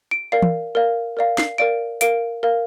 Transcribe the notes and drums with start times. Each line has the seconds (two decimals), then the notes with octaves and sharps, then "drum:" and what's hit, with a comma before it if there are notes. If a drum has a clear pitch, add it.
0.11 D7
0.32 A#4 D5 F5 C7
0.42 drum: tom
0.75 A#4 D5 F5
1.17 A#4 D5 F5
1.38 C7, drum: snare
1.58 A#4 D5 F5 D7
2.01 A#4 F5 D7, drum: hi-hat
2.43 A#4 F5